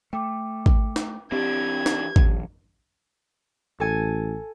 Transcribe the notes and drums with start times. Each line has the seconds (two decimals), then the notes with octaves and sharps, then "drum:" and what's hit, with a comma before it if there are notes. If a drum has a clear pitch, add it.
0.13 A3 G5 D6
0.66 drum: kick
0.96 drum: snare
1.32 E3 C4 D4 G4 G#6
1.86 drum: snare
2.16 D#1 A#1, drum: kick
3.80 A1 A4 G#5